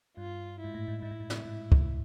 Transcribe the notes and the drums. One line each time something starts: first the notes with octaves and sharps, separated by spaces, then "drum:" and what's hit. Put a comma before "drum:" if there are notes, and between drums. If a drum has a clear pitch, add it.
G2 F4
G#2 E4
A2
G#2
G#2 E4
A2
G#2
drum: snare
G#2
drum: kick